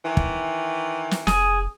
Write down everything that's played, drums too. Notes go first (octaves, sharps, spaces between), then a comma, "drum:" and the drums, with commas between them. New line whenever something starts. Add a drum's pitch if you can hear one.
D#3 E3
drum: kick
drum: snare
F1 G#4, drum: snare